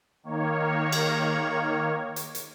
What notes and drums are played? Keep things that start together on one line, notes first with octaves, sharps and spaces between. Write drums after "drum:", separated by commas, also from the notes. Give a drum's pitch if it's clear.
D#3 A#3 C#5
drum: cymbal
drum: hi-hat
drum: hi-hat